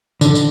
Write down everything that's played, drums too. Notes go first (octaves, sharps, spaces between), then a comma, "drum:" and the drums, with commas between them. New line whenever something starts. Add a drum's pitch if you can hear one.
D3, drum: tambourine
drum: tambourine